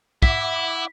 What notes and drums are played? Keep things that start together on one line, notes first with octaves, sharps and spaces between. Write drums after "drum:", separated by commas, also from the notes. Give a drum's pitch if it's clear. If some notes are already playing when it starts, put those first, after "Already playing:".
E4 E5 F#5 D6 B6, drum: kick